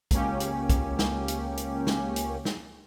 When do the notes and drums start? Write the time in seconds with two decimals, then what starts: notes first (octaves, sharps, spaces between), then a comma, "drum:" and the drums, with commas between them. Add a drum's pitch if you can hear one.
0.11 C#2 A#3 C#4 G4, drum: kick B1, hi-hat
0.40 drum: hi-hat
0.69 drum: kick B1, hi-hat
0.99 drum: snare
1.28 drum: hi-hat
1.57 drum: hi-hat
1.87 drum: snare
2.16 drum: hi-hat
2.45 drum: snare